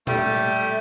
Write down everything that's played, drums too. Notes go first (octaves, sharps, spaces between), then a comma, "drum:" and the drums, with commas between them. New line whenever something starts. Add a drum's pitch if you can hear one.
G3 A3, drum: tom A#2